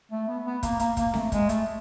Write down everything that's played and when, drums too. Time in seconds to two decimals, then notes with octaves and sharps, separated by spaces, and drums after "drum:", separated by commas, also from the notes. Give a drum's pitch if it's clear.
0.11 A3
0.28 B3
0.46 B3
0.63 A#3, drum: kick, hi-hat
0.79 A#3, drum: hi-hat
0.97 A#3, drum: kick, hi-hat
1.14 A3, drum: snare C4
1.32 G#3, drum: kick, hi-hat
1.49 A3, drum: hi-hat